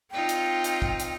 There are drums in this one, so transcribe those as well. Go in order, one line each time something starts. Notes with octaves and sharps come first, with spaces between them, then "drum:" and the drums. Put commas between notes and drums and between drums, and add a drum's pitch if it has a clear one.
C4 D#4 F4 G5
drum: hi-hat
drum: hi-hat
drum: kick
drum: hi-hat